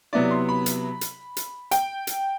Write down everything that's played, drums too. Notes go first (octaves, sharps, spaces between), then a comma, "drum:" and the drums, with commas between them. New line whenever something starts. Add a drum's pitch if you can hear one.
C3 F#3 B3 E4 D5
C6
B5
drum: hi-hat
drum: hi-hat
drum: hi-hat
G5, drum: hi-hat
drum: hi-hat